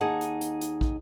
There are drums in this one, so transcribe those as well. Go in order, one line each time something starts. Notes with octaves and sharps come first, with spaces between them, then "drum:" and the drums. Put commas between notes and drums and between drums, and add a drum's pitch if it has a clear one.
D#2 D#4 G#4 F#5 A5
drum: hi-hat
drum: hi-hat
drum: hi-hat
drum: kick